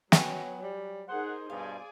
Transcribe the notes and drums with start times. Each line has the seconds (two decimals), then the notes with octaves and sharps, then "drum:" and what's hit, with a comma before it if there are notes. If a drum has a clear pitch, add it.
0.12 F#3 B3 C#5 G5 G#5, drum: snare
0.62 G3
1.09 D#4 G#4 A#4 C5 F#5
1.50 G2 B2 G#4 D5 F5 G#5